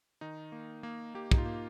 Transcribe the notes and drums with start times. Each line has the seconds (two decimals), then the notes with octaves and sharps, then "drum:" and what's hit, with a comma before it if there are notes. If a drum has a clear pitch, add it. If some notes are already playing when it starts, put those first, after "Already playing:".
0.21 D#3 D#4
0.52 A#3
0.83 A#3
1.15 A#3 G4
1.31 D#4, drum: kick
1.38 F4
1.45 A#3